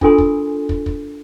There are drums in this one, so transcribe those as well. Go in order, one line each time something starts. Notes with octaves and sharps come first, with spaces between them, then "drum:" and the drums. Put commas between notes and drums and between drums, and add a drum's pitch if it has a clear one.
D4 F4 A4 A#4 G#5 C6, drum: kick
drum: kick
drum: kick
drum: kick